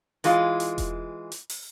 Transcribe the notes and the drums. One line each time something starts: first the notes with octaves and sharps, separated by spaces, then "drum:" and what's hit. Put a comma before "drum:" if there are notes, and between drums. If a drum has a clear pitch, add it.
E3 G#3 F4, drum: hi-hat
drum: hi-hat
drum: kick E1, hi-hat
drum: hi-hat
drum: open hi-hat